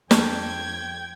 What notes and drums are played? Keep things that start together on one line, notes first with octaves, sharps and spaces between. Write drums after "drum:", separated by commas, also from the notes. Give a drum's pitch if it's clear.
F2 D4 G5 G#6, drum: snare